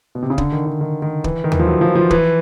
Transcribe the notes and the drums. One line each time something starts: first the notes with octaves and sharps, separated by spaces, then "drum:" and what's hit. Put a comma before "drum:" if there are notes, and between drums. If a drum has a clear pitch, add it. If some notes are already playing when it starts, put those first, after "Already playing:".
B2
C3
C#3
D3, drum: kick
D#3
D3
D#3
D#3
E3, drum: kick
D#3
E3, drum: tom
F3
F#3
F3
F3
E3, drum: kick